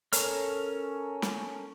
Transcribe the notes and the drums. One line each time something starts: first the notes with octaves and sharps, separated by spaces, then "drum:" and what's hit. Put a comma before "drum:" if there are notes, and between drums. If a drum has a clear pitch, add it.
C#4 A4 A#4 C#5 F6, drum: hi-hat
drum: snare